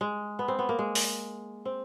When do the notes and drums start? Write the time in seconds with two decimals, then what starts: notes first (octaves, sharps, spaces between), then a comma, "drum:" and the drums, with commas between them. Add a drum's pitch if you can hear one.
0.01 G#3
0.39 B3
0.48 C4
0.59 B3
0.69 A#3
0.79 G#3
0.95 drum: open hi-hat
1.65 C4